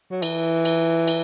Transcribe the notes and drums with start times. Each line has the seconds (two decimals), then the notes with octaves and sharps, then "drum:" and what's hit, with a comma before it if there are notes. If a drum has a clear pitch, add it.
0.11 F#3
0.22 E3, drum: cymbal
0.65 drum: cymbal
1.08 drum: cymbal